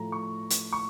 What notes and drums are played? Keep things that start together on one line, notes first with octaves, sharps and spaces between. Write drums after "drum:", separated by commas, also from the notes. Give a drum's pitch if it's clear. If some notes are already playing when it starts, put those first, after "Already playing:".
Already playing: A2 F3 A3 A#5
C#6
drum: hi-hat
C#6